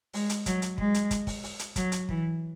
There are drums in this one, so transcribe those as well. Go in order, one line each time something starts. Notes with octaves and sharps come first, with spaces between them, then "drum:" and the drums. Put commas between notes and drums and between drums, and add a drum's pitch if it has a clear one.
G#3, drum: open hi-hat
drum: hi-hat
F#3, drum: kick, hi-hat
drum: hi-hat
G#3, drum: kick
drum: hi-hat
drum: kick, hi-hat
drum: kick, open hi-hat
drum: open hi-hat
drum: hi-hat
F#3, drum: kick, hi-hat
drum: hi-hat
E3, drum: kick